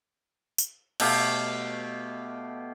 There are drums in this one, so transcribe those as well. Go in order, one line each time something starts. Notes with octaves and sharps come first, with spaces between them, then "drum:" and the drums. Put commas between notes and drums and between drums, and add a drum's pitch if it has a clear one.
drum: tambourine
B2 A3 G4 F5, drum: cymbal